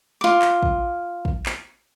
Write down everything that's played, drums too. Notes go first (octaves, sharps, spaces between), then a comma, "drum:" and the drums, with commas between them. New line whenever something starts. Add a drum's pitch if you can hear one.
F4 D6
drum: clap
drum: kick
drum: kick
drum: clap